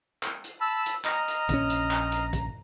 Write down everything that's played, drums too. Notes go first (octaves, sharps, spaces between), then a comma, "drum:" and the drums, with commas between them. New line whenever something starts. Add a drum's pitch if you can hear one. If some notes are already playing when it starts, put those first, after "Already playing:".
drum: clap
drum: hi-hat
A5 B5 E6
drum: hi-hat
D#5 A#5 F6, drum: clap
drum: hi-hat
A#1 D3 C#4, drum: kick, hi-hat
drum: hi-hat
drum: clap
drum: hi-hat
drum: kick, hi-hat